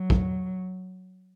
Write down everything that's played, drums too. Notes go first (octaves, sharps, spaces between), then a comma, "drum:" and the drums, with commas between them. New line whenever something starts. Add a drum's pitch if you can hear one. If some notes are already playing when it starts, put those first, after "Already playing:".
Already playing: F#3
drum: kick